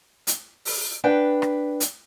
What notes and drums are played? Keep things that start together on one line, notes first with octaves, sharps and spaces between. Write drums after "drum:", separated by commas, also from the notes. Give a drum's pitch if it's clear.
drum: hi-hat
drum: open hi-hat
D4 B4 G5
drum: rim click
drum: hi-hat